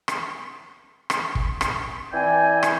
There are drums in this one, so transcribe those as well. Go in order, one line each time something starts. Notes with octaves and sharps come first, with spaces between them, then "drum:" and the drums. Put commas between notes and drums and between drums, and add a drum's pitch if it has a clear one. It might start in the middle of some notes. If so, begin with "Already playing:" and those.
drum: rim click
drum: rim click
drum: kick
drum: rim click
E3 C4 D5 G5 G#5
drum: rim click